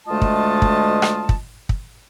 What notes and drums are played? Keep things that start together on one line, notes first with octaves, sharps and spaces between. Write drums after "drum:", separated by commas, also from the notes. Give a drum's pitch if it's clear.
D2 G#3 A3 F4 D#5 A5
drum: kick
drum: kick
drum: rim click
drum: kick
drum: kick